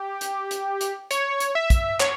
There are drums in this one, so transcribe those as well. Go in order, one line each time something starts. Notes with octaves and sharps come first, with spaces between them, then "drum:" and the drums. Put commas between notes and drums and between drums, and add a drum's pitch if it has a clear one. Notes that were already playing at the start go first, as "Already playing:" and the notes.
Already playing: G4
drum: hi-hat
drum: hi-hat
drum: hi-hat
C#5, drum: hi-hat
drum: hi-hat
E5
drum: kick, hi-hat
C#5, drum: clap